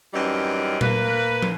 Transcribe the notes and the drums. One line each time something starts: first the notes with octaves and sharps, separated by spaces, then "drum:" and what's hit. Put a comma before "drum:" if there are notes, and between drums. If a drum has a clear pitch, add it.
F#2 E3 G3 C4 C#4 D#4
A#3 B4, drum: tom A#2
drum: tom